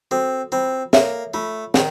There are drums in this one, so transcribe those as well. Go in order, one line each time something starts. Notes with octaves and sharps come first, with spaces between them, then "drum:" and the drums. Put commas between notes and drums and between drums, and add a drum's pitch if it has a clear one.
C4 F#4 A4
C4 F4
A#3 A4 C#5 E5, drum: snare
A3 F4
D#3, drum: snare